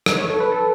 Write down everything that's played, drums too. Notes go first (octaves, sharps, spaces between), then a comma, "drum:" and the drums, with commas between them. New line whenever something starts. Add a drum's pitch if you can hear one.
drum: rim click
C#5
A4
B4
A4